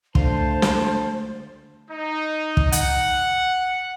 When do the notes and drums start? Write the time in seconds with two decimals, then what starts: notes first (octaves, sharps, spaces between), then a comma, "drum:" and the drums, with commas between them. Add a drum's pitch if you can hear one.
0.15 D2 D3 C5 F5 A5 C6, drum: kick
0.62 drum: snare
1.91 D#4
2.57 drum: kick
2.72 F#5, drum: hi-hat